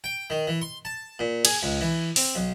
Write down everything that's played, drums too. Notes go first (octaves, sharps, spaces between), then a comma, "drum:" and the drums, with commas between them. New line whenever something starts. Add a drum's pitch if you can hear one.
G5
D#3
E3
C6
A5
A#2
G#4, drum: cymbal
C#2
E3
C4, drum: open hi-hat
B1